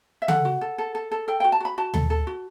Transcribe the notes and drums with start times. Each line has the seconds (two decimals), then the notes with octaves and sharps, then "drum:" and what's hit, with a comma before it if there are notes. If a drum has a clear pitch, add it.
0.22 E5
0.28 A4 F#5, drum: tom C#3
0.45 F#4
0.61 A4
0.78 A4
0.95 A4
1.11 A4
1.28 A4 G5
1.40 G5
1.44 F#4
1.52 A5
1.60 F#4 B5
1.78 F#4 A5
1.94 A4, drum: tom D#2
2.10 A4
2.27 F#4